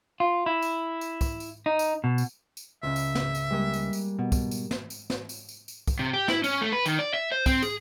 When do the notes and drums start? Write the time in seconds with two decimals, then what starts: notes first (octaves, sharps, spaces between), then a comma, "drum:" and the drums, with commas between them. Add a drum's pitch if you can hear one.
0.20 F4
0.46 E4
0.62 drum: tambourine
1.01 drum: tambourine
1.21 drum: kick, tambourine
1.40 drum: tambourine
1.66 D#4
1.79 drum: tambourine
2.04 B2
2.18 drum: tambourine
2.57 drum: tambourine
2.83 C#2 C#3 E5
2.96 drum: tambourine
3.15 drum: snare
3.35 drum: tambourine
3.50 G3 G#3 A#3
3.74 drum: tambourine
3.93 drum: tambourine
4.19 B2
4.32 drum: kick, tambourine
4.51 drum: tambourine
4.71 drum: snare
4.90 drum: tambourine
5.10 drum: snare
5.29 drum: tambourine
5.49 drum: tambourine
5.68 drum: tambourine
5.87 drum: kick, tambourine
5.99 C3
6.14 G4
6.28 E4, drum: snare
6.44 C#4, drum: tambourine
6.61 A3
6.72 B4
6.86 D#3, drum: tambourine
6.99 D5
7.14 E5
7.32 C5
7.46 C4, drum: kick, tambourine
7.62 G#4, drum: tambourine